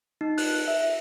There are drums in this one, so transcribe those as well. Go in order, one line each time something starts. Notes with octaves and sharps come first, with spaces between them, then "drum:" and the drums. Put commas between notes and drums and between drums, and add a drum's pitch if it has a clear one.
D#4
F#6, drum: open hi-hat
E5